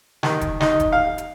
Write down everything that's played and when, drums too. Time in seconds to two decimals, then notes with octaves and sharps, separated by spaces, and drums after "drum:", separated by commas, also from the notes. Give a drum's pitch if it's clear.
0.23 D#3, drum: snare
0.41 drum: kick E1, hi-hat
0.60 D#4, drum: snare
0.80 drum: kick E1, hi-hat
0.92 F5
1.18 drum: hi-hat